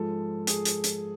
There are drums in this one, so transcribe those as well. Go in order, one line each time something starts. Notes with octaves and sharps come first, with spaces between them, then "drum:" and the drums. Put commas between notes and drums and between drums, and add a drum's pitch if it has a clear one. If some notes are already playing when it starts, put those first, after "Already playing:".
Already playing: G#2 F3 G#3 A4
G#4, drum: hi-hat
drum: hi-hat
drum: hi-hat